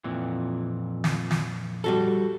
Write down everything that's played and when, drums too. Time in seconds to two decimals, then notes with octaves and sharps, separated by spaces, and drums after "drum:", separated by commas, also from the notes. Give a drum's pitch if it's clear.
0.04 F2 A#2 E3
1.04 drum: snare
1.31 drum: snare
1.84 G3 F#4 A4